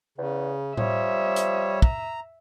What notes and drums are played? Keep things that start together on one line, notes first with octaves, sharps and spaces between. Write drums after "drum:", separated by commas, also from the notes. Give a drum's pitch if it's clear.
E2 C#3
F3 G3 C#5 E5, drum: tom A2
drum: hi-hat
A#5, drum: kick